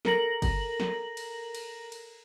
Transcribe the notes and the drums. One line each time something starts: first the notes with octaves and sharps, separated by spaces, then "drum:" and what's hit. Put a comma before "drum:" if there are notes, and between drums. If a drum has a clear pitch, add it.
A4 A#4 A#5 A#6 F#7, drum: snare
drum: kick G1, cymbal
drum: snare
drum: cymbal
drum: cymbal
drum: cymbal